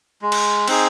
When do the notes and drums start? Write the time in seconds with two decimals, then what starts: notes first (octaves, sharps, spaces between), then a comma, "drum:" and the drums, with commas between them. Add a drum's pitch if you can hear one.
0.22 G#3
0.32 drum: cymbal
0.68 C4 D#4 G#4, drum: cymbal